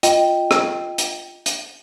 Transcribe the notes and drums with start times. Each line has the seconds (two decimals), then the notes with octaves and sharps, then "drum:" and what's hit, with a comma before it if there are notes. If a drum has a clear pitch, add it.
0.03 F4 D#5 G5, drum: hi-hat
0.51 drum: rim click
0.98 drum: hi-hat
1.46 drum: hi-hat